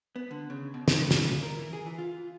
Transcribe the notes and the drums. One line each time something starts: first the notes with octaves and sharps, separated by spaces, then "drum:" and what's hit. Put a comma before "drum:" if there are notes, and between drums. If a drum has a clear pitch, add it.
B3
D3
C#3
B2
C#3, drum: snare
C#3, drum: snare
A#4
E3
G#4
E3
F4